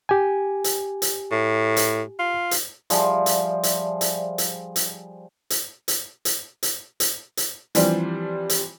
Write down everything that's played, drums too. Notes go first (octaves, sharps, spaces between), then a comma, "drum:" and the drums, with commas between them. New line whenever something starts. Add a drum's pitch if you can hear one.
G4 G#5
drum: hi-hat
drum: hi-hat
A2
drum: hi-hat
F4
drum: hi-hat
F3 G3 G#4 D5 E5, drum: hi-hat
drum: hi-hat
drum: hi-hat
drum: hi-hat
drum: hi-hat
drum: hi-hat
drum: hi-hat
drum: hi-hat
drum: hi-hat
drum: hi-hat
drum: hi-hat
drum: hi-hat
E3 F3 G3 C4 D4, drum: hi-hat
drum: hi-hat